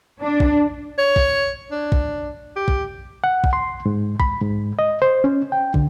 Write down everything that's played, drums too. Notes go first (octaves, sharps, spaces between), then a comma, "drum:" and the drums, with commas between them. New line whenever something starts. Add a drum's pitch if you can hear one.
D4
drum: kick
C#5
drum: kick
D4
drum: kick
G4
drum: kick
F#5
drum: kick
C6
G#2
B5, drum: kick
G#2
D#5
C5
C#4
G5
D3, drum: kick